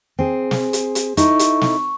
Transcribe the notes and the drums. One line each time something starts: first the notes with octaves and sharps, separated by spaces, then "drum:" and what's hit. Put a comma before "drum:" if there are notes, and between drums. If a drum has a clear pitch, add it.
C4 G#4
drum: snare
drum: hi-hat
drum: hi-hat
D#4 E4 A4 C#6, drum: hi-hat
drum: hi-hat
drum: snare